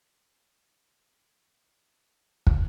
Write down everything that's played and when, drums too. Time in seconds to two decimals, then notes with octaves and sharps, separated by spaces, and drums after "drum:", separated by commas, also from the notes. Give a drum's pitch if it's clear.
0.13 G#3
0.59 F3
1.53 D#3
2.00 D#3
2.47 drum: kick